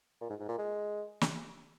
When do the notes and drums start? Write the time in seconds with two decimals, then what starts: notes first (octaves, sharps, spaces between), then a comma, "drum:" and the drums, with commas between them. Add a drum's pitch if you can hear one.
0.21 A#2
0.30 G#2
0.40 G#2
0.49 A#2
0.58 G#3
1.21 drum: snare